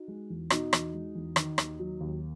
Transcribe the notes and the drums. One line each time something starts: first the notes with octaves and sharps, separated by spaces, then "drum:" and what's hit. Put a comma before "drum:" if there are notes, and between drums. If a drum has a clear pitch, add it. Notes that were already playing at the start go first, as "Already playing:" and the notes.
Already playing: D#4 F#4
G#3
E2
B2 D#4 F#4, drum: rim click
E2, drum: rim click
G#3
E2
D#3, drum: rim click
D#2, drum: rim click
F#3
D#2